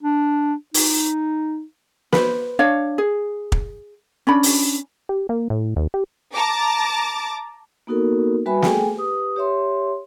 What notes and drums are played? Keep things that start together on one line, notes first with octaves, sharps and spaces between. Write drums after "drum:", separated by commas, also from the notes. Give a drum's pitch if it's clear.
D4
D#4, drum: open hi-hat
B4 C5, drum: snare
D4 C#5 F5
G#4
drum: kick
C#4 D4 B5
drum: open hi-hat
G4
A#3
A2
D#2
G4
A5 A#5 D6
A#3 B3 D#4 F#4 A4 A#4
G3 F#4 B4 E5 G#5 B5
A3 G#4 A4 G5 G#5, drum: snare
G4 B4 D#6
G4 C#5 E5 C6